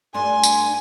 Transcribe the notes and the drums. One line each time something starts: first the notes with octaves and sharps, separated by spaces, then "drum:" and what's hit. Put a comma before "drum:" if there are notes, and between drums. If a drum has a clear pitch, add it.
G2 A3 D4 G#5 C6
drum: tambourine